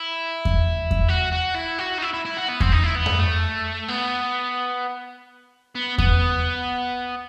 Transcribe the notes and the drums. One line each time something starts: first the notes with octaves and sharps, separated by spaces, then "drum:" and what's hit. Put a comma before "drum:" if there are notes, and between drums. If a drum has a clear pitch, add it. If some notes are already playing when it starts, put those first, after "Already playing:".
Already playing: E4
drum: kick E2
drum: kick E2
F#4
F#4
E4
F#4
D#4
E4
E4
E4
F#4
B3
C4, drum: kick E2
D#4
E4
B3
drum: tom F2
A3
B3
B3
B3, drum: kick E2